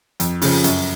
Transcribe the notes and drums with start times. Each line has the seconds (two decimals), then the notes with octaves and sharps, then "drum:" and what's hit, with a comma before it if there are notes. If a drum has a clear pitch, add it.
0.20 F2, drum: hi-hat
0.42 C#3 F3, drum: open hi-hat
0.64 F#2, drum: hi-hat